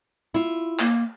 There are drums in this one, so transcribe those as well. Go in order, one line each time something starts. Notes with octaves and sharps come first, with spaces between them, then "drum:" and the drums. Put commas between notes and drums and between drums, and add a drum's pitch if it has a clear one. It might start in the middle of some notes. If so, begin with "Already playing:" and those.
E4 F4
A#3, drum: clap